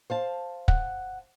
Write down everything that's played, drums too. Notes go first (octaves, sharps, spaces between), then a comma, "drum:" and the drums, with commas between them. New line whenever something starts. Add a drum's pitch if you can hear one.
C5 F5 A5
F#5, drum: kick